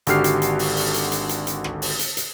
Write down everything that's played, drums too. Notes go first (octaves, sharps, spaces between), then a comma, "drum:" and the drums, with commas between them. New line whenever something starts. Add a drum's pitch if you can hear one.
G#1 D3 F#4 G4 F6 C7, drum: hi-hat
drum: hi-hat
drum: hi-hat
drum: open hi-hat
drum: open hi-hat
drum: hi-hat
drum: hi-hat
drum: hi-hat
drum: hi-hat
drum: rim click
drum: open hi-hat
drum: hi-hat
drum: hi-hat